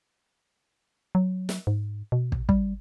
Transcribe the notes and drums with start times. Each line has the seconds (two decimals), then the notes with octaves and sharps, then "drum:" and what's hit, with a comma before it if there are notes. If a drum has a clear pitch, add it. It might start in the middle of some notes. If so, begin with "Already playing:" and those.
1.15 F#3
1.49 drum: snare
1.67 G#2
2.12 B2
2.32 drum: kick
2.49 G3, drum: kick